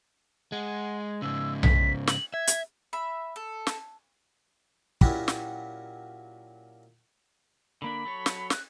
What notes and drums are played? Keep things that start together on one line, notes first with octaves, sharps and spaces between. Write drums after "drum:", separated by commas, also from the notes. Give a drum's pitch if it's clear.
G#3 F#5
G#2 C#3 E6
B6, drum: tom B1
F#7, drum: snare
E5 G#6
drum: hi-hat
E5 B5
A4
drum: snare
A#2 F#3 C#4 E4 F#4 G4, drum: kick
drum: snare
D3 A#3 D4 B5
F#3 A4 C#5
drum: snare
F#6, drum: snare